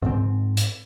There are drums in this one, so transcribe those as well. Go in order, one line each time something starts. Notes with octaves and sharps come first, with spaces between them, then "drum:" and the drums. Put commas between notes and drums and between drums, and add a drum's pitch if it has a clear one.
G#2 C4, drum: tom E3
drum: hi-hat